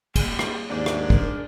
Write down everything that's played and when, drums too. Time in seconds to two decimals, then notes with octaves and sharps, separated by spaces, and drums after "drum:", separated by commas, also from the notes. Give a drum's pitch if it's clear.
0.16 G3 G#3 A#3, drum: kick, cymbal
0.39 drum: rim click
0.70 D#2 G#2 D4 D5
0.86 drum: rim click
1.10 A#4, drum: kick